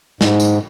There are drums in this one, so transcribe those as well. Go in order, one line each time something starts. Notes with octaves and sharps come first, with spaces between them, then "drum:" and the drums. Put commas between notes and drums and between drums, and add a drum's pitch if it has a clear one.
G#2, drum: snare
drum: tambourine